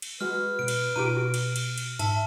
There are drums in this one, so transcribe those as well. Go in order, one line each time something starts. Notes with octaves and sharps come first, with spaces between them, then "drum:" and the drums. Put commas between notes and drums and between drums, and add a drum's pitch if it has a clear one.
drum: cymbal
G#3 F#4 B4 F6
B2 F6 D7
drum: cymbal
B2 D#4 F4 G4 D7 D#7
F#4
drum: cymbal
drum: cymbal
drum: cymbal
G#2 E5 A5, drum: cymbal